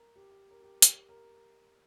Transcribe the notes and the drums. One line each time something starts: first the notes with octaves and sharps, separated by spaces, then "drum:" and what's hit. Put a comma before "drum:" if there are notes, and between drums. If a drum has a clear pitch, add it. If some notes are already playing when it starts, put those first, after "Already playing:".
Already playing: A#4
G4
A#4
G4
drum: hi-hat
A#4